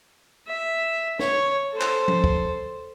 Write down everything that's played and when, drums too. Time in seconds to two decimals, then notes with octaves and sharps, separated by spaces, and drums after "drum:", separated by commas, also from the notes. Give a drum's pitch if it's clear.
0.47 E5
1.19 C#5, drum: snare
1.72 A4 C5
1.81 drum: clap
2.08 drum: tom F3
2.24 drum: kick